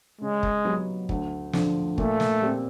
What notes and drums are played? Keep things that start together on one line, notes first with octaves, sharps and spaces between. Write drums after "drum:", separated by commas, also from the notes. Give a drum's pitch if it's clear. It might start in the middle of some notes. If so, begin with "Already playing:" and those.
C#3 G#3
drum: kick
F#3 B3 D#4 G4
D2, drum: kick
D3 F3, drum: snare
A#2 A3, drum: kick
drum: snare
G3 C4